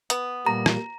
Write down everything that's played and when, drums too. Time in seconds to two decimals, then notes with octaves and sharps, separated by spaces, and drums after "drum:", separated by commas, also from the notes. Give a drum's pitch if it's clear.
0.10 B3, drum: hi-hat
0.46 A#2 G3 A#3 A#5
0.66 drum: rim click